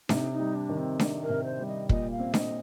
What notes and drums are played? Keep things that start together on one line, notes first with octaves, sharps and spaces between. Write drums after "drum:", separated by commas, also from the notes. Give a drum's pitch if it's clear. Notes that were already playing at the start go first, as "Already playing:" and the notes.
C3 D#4, drum: snare D4
D#4
G3
D4
D#3
C4
D4, drum: snare D4
A#4
C3
C5
G3
D#5
A#2 D#5, drum: kick
F5
C4
D#5, drum: snare D4